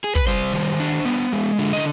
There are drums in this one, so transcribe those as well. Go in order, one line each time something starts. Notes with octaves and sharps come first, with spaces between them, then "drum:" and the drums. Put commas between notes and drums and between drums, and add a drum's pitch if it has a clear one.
G#4
B4, drum: kick
G3 C5
D#3
D4
B3
G#3
D3
D#5